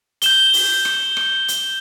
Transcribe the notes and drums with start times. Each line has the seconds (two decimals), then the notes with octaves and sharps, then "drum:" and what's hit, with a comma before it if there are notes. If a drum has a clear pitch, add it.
0.22 G6 E7 G7, drum: hi-hat
0.53 drum: open hi-hat
0.85 drum: rim click
1.17 drum: rim click
1.48 drum: hi-hat